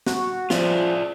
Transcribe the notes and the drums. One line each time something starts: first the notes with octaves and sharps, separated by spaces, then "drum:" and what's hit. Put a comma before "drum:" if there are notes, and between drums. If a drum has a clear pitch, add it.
F#4, drum: snare
F3 F4 D5 E5, drum: snare